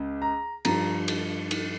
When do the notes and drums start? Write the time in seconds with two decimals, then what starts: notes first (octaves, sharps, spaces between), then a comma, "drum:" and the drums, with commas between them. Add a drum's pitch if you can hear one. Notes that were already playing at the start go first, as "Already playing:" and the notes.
Already playing: C#2 C#3
0.22 A#5
0.65 G2 F3 A#5, drum: cymbal
1.08 drum: cymbal
1.51 drum: cymbal